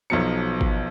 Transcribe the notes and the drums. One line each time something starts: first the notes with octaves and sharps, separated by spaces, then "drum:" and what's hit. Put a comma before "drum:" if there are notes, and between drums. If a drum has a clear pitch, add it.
B1 B2 F3 F#3 C#7
drum: kick G#1